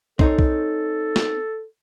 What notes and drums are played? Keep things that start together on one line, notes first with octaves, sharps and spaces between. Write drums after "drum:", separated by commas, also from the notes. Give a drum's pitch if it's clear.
C4 D#4 A4 C#5, drum: kick
drum: kick
drum: snare